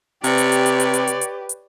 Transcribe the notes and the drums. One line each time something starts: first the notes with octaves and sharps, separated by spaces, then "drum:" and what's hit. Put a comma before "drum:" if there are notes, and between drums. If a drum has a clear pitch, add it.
C3 G4 B4 C#5 D5, drum: hi-hat
drum: hi-hat
drum: hi-hat
drum: hi-hat
drum: hi-hat
drum: hi-hat
drum: hi-hat
drum: hi-hat
drum: hi-hat